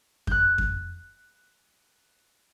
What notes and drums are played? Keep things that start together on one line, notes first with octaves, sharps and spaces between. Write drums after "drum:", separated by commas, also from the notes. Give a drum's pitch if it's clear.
F#6 G6, drum: kick F2
drum: kick F2